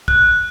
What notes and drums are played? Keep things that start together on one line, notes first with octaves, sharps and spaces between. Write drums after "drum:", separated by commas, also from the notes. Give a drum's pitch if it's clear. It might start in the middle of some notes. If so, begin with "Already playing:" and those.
F#6, drum: kick